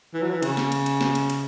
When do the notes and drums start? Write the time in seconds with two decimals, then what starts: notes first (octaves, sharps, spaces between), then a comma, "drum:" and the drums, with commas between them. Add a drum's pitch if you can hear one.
0.14 E3
0.22 F#3
0.30 E3
0.43 C#3, drum: cymbal
0.57 drum: snare
0.72 drum: cymbal
0.86 drum: cymbal
1.01 drum: snare
1.15 drum: cymbal
1.30 drum: cymbal